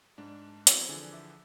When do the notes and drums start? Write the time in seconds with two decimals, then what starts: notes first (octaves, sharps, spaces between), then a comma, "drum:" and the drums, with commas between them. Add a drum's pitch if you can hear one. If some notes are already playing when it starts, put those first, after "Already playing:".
0.18 G#2 D4
0.67 F#3 B3 C4 E4 E6 C#7, drum: hi-hat
0.89 D3 E3 F3 G#4 D5 G7
1.12 E5 D6